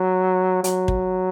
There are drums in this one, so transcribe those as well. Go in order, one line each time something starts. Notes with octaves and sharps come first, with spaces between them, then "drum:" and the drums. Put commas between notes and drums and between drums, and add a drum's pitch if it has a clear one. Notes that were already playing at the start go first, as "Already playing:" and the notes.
Already playing: F#3
F#3, drum: hi-hat
drum: kick